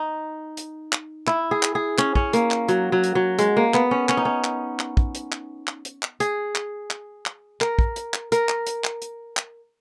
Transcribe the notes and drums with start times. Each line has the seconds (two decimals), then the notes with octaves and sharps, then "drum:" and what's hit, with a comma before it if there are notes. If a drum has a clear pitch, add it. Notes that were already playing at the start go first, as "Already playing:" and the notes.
Already playing: D#4
0.57 drum: hi-hat
0.92 drum: clap
1.27 E4, drum: clap
1.51 G#4
1.63 drum: clap
1.75 G#4
1.98 C#4, drum: clap
2.15 C#4, drum: kick
2.33 A#3, drum: hi-hat
2.51 drum: clap
2.68 F#3, drum: hi-hat
2.92 F#3
3.04 drum: hi-hat
3.15 F#3
3.39 G#3, drum: hi-hat
3.57 A#3
3.74 B3, drum: clap
3.91 C#4
4.09 C#4, drum: clap
4.17 D#4
4.25 C#4
4.44 drum: clap
4.79 drum: clap
4.97 drum: kick
5.15 drum: hi-hat
5.32 drum: clap
5.67 drum: clap
5.85 drum: hi-hat
6.03 drum: clap
6.20 G#4, drum: hi-hat
6.55 drum: clap
6.91 drum: clap
7.26 drum: clap
7.61 A#4, drum: clap
7.79 drum: kick
7.96 drum: hi-hat
8.14 drum: clap
8.32 A#4, drum: hi-hat
8.49 drum: clap
8.67 drum: hi-hat
8.84 drum: clap
9.02 drum: hi-hat
9.37 drum: clap